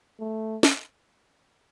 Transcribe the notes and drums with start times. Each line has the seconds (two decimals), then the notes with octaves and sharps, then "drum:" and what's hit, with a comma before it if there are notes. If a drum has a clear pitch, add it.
0.19 A3
0.63 drum: snare